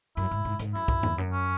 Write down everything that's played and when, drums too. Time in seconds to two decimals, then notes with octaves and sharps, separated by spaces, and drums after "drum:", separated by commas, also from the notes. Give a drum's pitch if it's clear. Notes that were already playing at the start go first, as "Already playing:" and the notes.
0.16 F#2 E4
0.31 G#2
0.45 G#2
0.59 G#2, drum: hi-hat
0.74 F#2 E4
0.88 F#2, drum: kick C2
1.03 E2, drum: tom G2
1.18 F#2
1.32 C#4